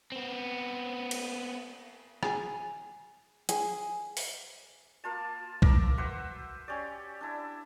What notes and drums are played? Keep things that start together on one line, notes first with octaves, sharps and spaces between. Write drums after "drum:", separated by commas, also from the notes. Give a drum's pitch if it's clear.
B3 C4
drum: cymbal
G#4, drum: rim click
G#4, drum: hi-hat
drum: open hi-hat
A#3 F4 A5
A#4 E5 A#5 D6, drum: kick B1
B4 C5 E5 F#5
C#4 G4 D5
D4 E4